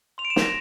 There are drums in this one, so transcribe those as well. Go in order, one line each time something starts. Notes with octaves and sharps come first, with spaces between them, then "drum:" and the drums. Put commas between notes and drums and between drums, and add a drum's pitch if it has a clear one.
C6 F7
D7
E7
C6, drum: snare
A#6